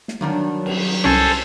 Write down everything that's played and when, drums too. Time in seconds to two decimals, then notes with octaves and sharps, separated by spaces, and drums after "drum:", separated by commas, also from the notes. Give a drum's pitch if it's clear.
0.08 drum: snare
0.21 G2 D#3 F#3 D4
0.66 drum: cymbal
1.04 C2 C#4 A4 C5 G#5